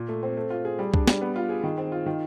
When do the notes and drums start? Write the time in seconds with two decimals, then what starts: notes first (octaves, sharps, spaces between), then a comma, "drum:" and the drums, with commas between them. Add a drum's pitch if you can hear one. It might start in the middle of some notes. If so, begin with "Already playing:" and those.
Already playing: A#2
0.09 A3
0.23 C4
0.37 A3
0.50 F4
0.65 G#4
0.79 G3
0.94 D4, drum: kick C2
1.08 G3, drum: snare
1.21 B3
1.36 F4
1.49 G#4
1.64 D#3
1.78 C4
1.92 F4
2.06 D#3